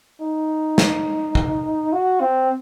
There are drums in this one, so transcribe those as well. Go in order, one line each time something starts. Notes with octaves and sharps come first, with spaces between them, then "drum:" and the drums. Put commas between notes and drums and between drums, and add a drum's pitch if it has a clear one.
D#4
drum: snare
drum: kick
F#4
C4